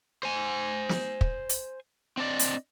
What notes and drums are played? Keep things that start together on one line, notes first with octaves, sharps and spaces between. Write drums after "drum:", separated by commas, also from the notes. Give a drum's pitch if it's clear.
C5 G#5
drum: snare
drum: kick
drum: hi-hat
C4 D4 D5 D#5
drum: hi-hat